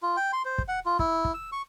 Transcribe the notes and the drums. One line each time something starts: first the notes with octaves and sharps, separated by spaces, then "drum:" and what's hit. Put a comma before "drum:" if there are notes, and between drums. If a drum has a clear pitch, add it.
F4
G5
C6
C5
drum: kick
F#5
F4
E4, drum: kick
drum: kick
E6
C#6